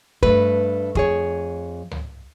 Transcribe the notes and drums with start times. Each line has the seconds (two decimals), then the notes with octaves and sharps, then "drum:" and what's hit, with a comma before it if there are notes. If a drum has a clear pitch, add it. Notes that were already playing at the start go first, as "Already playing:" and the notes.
0.23 G2 A3 B4, drum: kick
0.95 F2 G#4 C#5, drum: kick
1.91 drum: tom C#2